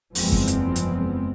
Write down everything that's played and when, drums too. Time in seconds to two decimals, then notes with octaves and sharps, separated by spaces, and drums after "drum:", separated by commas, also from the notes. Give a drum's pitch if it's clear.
0.15 F#1 E2 F3 G#3 B3 C4, drum: open hi-hat
0.32 drum: kick
0.47 drum: hi-hat
0.76 drum: hi-hat